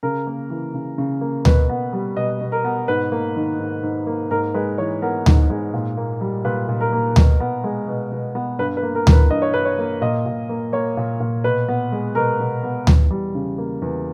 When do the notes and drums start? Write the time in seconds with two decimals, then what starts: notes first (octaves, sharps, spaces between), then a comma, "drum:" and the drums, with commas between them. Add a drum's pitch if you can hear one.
0.03 C#3 A#4
0.27 A#3
0.50 E3
0.74 C#3
0.98 C#3
1.21 A#3
1.45 B2 B4, drum: tom D2
1.69 B3
1.93 G3
2.17 B2 D#5
2.41 B2
2.52 A#4
2.64 B3
2.88 G#2 B4
3.12 A#3
3.36 D#3
3.59 G#2
3.83 G#2
4.07 A#3
4.31 G#2 A#4
4.54 G#3 B4
4.78 E3 C#5
5.02 B3 A#4
5.26 G#2, drum: tom D2
5.50 G#3
5.73 A#2
5.97 A#3
6.21 G3
6.45 A#2 B4
6.69 A#2
6.81 A#4
6.92 A#3
7.16 B2, drum: tom D2
7.40 B3
7.64 G#3
7.87 B2
8.12 B2
8.35 B3
8.59 G2 B4
8.77 B4
8.83 A#3
8.95 A#4
9.07 E3, drum: tom D2
9.12 B4
9.30 G2 D#5
9.42 C#5
9.54 G2 B4
9.65 C#5
9.78 A#3
10.01 A#2 D#5
10.26 A#2
10.49 A#3
10.73 A#3 C#5
10.97 A#2
11.20 A#2
11.44 B2 B4
11.68 B3
11.92 G#3
12.15 B2 A#4
12.40 B2
12.63 B3
12.87 E2, drum: tom D2
13.11 G3
13.35 C#3
13.58 A#3
13.82 E2